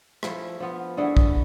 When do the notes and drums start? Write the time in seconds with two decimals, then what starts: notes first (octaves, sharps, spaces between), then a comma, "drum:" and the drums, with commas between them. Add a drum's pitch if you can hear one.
0.23 F3 A3 E4, drum: rim click
0.60 F3 B3 F4
0.97 D3 A3 E4 G#4
1.17 drum: kick